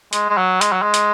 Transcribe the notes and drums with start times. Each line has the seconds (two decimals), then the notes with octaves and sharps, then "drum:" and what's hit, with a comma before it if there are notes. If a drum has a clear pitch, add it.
0.13 G#3, drum: hi-hat
0.29 G#3
0.37 F#3
0.61 G#3, drum: hi-hat
0.72 F#3
0.82 G#3
0.94 drum: hi-hat